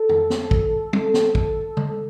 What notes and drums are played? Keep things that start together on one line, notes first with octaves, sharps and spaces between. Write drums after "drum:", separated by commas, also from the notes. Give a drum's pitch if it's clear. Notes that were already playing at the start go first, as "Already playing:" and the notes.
Already playing: A4
drum: tom F2
drum: snare
drum: kick
drum: tom
drum: snare
drum: kick
drum: tom C#3